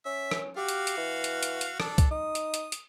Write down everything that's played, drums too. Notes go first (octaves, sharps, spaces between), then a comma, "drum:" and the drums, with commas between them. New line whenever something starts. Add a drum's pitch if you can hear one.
C#4 E5
drum: rim click
F#4 G4 F5
drum: hi-hat
drum: hi-hat
E3
drum: hi-hat
drum: hi-hat
drum: hi-hat
D4 A4, drum: rim click
drum: kick C2, hi-hat
D#4 D#6
drum: hi-hat
drum: hi-hat
drum: hi-hat